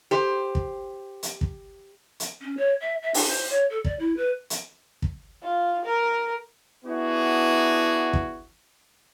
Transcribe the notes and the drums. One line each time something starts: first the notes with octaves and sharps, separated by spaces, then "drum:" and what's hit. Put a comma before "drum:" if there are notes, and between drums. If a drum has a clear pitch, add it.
G4 C5
drum: kick
drum: hi-hat
drum: kick
drum: hi-hat
C#4
C#5
E5
E5
D4, drum: open hi-hat
C5
C#5
A4
D5, drum: kick
E4
B4
drum: hi-hat
drum: kick
F4
A#4
B3 D4 E4 F#4 G#4
drum: kick